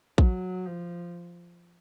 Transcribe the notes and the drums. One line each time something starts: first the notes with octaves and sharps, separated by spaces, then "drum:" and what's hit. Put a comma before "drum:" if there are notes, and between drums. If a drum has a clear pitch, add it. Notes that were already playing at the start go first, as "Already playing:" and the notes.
F#3, drum: kick
F3